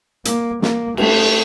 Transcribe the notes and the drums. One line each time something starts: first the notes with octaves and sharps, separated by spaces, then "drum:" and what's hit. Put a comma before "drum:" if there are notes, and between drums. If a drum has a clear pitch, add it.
A#3, drum: hi-hat
A#3, drum: snare
A3, drum: cymbal